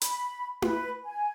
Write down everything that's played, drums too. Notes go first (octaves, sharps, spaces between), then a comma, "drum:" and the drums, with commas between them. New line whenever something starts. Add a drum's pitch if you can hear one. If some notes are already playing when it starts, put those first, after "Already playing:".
B5, drum: hi-hat
B4, drum: tom E4
G#5